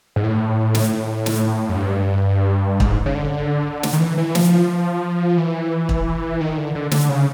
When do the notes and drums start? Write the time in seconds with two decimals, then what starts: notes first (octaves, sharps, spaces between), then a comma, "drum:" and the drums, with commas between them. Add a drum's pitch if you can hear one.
0.16 G#2
0.23 A2
0.75 drum: snare
1.26 drum: snare
1.69 F#2
1.77 G2
2.80 G#2, drum: kick
3.06 C#3
3.15 D3
3.83 drum: snare
3.93 D#3
4.00 E3
4.18 E3
4.35 F3, drum: snare
5.37 E3
5.89 drum: kick
6.41 D#3
6.57 D3
6.75 D3
6.91 D3, drum: snare
7.09 C#3